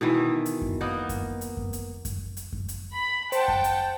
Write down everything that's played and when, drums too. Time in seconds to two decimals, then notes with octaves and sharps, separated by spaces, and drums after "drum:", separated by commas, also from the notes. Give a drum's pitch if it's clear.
0.01 B2 D#3 E3
0.46 drum: hi-hat
0.61 drum: kick F#2
0.81 A#3 B3 D#4
1.09 drum: kick F#2, hi-hat
1.41 drum: hi-hat
1.57 drum: kick F#2
1.73 drum: hi-hat
2.05 drum: kick F#2, hi-hat
2.37 drum: hi-hat
2.53 drum: kick F#2
2.68 drum: hi-hat
2.93 B5
3.32 C5 F#5 G5 A5, drum: hi-hat
3.48 drum: kick F#2
3.64 drum: hi-hat